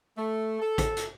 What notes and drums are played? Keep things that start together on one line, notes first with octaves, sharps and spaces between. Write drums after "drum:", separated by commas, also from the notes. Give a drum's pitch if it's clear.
A3
A4
drum: kick, hi-hat
drum: hi-hat